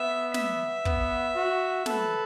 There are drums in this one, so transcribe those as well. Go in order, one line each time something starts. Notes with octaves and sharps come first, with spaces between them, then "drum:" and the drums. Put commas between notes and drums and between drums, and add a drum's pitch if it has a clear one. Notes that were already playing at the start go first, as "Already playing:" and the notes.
Already playing: B3 E5
E5, drum: snare
B3, drum: kick
F#4
A4 B4, drum: snare